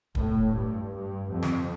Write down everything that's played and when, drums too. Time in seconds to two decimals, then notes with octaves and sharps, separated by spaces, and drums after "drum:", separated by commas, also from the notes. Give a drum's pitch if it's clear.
0.15 A2, drum: kick
0.53 G2
0.92 G2
1.30 F2
1.43 drum: snare